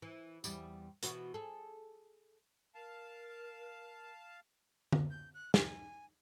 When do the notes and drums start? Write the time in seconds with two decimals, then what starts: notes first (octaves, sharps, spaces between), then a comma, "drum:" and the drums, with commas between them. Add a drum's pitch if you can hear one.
0.02 E3
0.44 E2 G3, drum: tambourine
1.03 B2 E3 F#4, drum: hi-hat
1.34 G#4 A4
2.75 A#4 F5 A5
4.92 drum: tom D3
5.11 G6
5.34 F#6
5.54 G#5, drum: snare